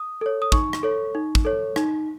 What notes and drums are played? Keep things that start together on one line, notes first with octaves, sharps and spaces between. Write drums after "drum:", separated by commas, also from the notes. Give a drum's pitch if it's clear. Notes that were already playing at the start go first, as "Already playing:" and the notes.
Already playing: D#6
A4 C#5
D#6
D#4 C#6, drum: kick
drum: rim click
A4 C#5
D#4
drum: kick
A4 C#5
D#4, drum: rim click